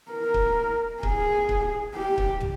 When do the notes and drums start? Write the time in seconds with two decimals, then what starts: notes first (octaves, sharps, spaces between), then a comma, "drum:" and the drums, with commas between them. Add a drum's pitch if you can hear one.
0.11 A#4
0.34 drum: kick C#1
1.03 G#4, drum: kick C#1
1.49 drum: kick C#1
1.95 G4
2.18 drum: kick C#1
2.40 drum: tom